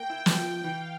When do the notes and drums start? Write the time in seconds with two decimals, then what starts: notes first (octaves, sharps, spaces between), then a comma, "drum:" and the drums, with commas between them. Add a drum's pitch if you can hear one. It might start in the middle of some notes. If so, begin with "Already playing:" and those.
Already playing: A#3 G5
0.10 E4
0.26 drum: snare
0.37 F3
0.64 E3 F5